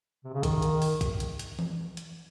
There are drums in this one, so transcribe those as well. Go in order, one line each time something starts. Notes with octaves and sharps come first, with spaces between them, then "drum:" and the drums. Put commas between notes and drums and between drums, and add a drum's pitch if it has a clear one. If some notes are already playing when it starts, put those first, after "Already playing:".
C3
C#3
D#3, drum: kick, hi-hat
drum: hi-hat
drum: open hi-hat
drum: kick, hi-hat
drum: hi-hat
drum: hi-hat
drum: tom E3
drum: hi-hat